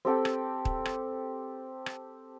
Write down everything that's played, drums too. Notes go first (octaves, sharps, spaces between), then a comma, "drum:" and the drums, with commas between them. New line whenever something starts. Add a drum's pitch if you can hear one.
C4 G4 A4 G5
drum: rim click
drum: kick
drum: rim click
drum: rim click